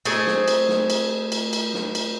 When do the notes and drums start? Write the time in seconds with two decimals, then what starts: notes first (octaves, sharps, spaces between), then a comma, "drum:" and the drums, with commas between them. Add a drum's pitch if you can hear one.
0.05 A3 C4 G#4 D#5, drum: cymbal
0.27 drum: snare
0.48 drum: cymbal
0.69 drum: snare
0.90 drum: cymbal
1.32 drum: cymbal
1.53 drum: cymbal
1.74 drum: snare
1.95 drum: cymbal